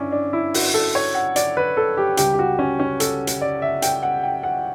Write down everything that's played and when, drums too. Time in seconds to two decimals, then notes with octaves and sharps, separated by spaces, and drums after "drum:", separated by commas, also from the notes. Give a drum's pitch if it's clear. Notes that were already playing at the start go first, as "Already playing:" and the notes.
Already playing: G2 C#4 D4 E4
0.12 D4
0.33 E4
0.54 F#4, drum: open hi-hat
0.74 A4
0.95 C#5
1.15 F#5
1.36 D5, drum: hi-hat
1.57 B4
1.77 A4
1.97 G4
2.17 C#2 C#3 G3 G4, drum: hi-hat
2.33 G4
2.39 F#4
2.59 C#4
2.79 C#4
3.00 A4, drum: hi-hat
3.27 drum: hi-hat
3.41 D5
3.62 E5
3.82 G5, drum: hi-hat
4.03 F#5
4.23 G5
4.43 F#5